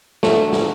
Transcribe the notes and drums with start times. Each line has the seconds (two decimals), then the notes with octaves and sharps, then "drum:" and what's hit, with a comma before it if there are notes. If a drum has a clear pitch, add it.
0.23 D2 D3 F#3 A3, drum: snare
0.52 drum: snare